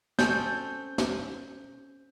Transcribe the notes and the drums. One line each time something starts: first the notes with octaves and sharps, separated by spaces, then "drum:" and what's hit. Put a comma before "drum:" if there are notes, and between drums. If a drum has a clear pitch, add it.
C4 C#4 A4 G6, drum: snare
drum: snare